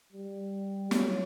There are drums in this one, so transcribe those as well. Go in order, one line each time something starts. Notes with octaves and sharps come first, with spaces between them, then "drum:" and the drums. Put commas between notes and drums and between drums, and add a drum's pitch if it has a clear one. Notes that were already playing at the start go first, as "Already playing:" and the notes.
G3
F#3, drum: snare